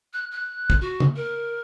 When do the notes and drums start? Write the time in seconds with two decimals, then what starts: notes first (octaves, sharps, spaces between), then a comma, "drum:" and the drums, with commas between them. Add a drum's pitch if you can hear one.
0.13 F#6
0.31 F#6
0.70 drum: kick
0.81 F#4
1.00 drum: tom
1.16 A#4